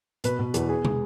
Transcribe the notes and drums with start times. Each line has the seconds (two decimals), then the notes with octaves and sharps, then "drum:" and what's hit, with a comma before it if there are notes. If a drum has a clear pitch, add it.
0.24 B2 B4, drum: hi-hat
0.39 B2
0.54 E2, drum: hi-hat
0.69 B3 G#4
0.85 G#3, drum: tom